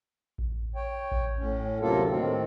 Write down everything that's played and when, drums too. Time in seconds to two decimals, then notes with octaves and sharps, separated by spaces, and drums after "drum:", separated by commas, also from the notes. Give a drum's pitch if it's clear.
0.38 drum: kick A1
0.75 C#5 G5
1.11 drum: kick A1
1.39 A2 C#4
1.81 D2 C3 F#3 A#3 F4 A4
2.09 A2 D#3 C4